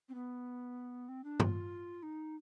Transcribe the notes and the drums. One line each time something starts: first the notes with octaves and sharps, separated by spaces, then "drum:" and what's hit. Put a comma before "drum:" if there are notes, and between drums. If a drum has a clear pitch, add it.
C4
B3
C4
D4
F4, drum: tom
D#4